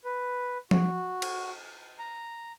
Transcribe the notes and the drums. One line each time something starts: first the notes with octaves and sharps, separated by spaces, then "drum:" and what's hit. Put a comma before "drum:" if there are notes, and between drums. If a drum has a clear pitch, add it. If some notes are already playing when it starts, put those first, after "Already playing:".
B4
F#4, drum: tom F3
drum: cymbal
A#5